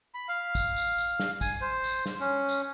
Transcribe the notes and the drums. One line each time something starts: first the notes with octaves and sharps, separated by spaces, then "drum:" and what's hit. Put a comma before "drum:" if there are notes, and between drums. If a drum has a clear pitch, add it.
B5
F5
drum: kick, tambourine
drum: tambourine
drum: tambourine
drum: snare
G#5, drum: kick, tambourine
C5
drum: tambourine
drum: snare
C#4
drum: tambourine